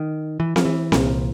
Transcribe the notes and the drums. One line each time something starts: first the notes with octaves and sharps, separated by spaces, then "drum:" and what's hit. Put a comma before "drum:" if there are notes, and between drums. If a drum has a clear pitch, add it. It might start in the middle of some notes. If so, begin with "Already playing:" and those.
Already playing: D#3
E3
F3, drum: snare C4
E3
C2 A#2, drum: snare C4